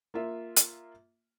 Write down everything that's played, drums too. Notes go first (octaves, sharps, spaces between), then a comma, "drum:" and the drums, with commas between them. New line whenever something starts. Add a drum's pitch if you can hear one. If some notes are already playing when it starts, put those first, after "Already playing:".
A#3 F4 E5
drum: hi-hat